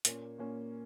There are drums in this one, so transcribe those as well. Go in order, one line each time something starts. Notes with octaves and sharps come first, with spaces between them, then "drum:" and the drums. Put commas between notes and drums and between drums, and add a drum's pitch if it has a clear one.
A#2 A#3 C#4, drum: hi-hat
A#2 A#3 C#4